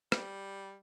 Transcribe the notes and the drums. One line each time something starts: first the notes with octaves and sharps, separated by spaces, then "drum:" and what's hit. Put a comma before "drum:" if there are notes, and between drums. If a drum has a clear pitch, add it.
G3, drum: rim click